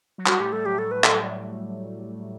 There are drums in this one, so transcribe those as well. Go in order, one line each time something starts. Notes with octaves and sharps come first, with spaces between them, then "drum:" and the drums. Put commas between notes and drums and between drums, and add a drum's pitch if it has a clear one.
F#3
G3 F#4, drum: clap
A2 A3 G4
G3 A4
F#3 G4
A2 A3 A4
B4
A4, drum: clap